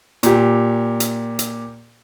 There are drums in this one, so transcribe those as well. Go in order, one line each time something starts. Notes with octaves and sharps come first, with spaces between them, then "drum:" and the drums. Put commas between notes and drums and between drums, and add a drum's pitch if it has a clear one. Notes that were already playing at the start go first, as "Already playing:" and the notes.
A#2 G4, drum: hi-hat
drum: hi-hat
drum: hi-hat